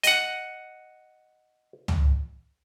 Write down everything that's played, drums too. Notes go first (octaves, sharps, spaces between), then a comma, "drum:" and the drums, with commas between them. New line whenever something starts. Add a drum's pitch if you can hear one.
D#5 F#5, drum: hi-hat
drum: tom C#2